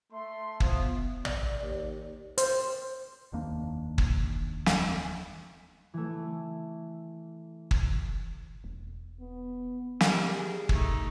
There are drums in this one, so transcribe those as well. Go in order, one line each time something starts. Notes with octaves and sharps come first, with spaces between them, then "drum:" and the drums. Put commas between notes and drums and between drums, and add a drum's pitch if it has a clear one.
A3 E5 C6
F3 B3, drum: kick
D5, drum: tom
D#2
C5, drum: hi-hat
F1 D#2 A#3 D4
drum: kick
drum: snare
E3 A3
drum: kick
E1
B3
G3 A#4, drum: snare
G#4
A3 D#4, drum: kick